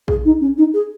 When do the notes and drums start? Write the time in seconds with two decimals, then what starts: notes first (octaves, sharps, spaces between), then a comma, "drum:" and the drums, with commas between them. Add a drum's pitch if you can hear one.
0.08 G#4, drum: kick A#1
0.25 D#4
0.41 C#4
0.58 D#4
0.74 G#4